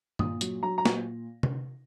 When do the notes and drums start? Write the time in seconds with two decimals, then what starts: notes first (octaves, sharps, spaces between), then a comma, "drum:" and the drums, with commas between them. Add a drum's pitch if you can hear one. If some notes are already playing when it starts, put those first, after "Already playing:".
0.19 A#2 D#6, drum: tom G2
0.41 F#3, drum: hi-hat
0.63 F#3 A#5
0.78 A#5
0.85 A#2, drum: snare
1.43 drum: tom C3